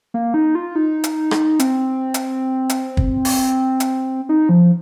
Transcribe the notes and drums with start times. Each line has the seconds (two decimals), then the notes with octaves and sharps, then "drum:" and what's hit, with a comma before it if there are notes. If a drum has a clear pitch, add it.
0.14 A#3
0.34 D#4
0.55 F4
0.76 D#4
1.04 drum: hi-hat
1.31 drum: rim click
1.59 C4, drum: hi-hat
2.14 drum: hi-hat
2.70 drum: hi-hat
2.97 drum: kick
3.25 drum: open hi-hat
3.80 drum: hi-hat
4.29 D#4
4.49 F3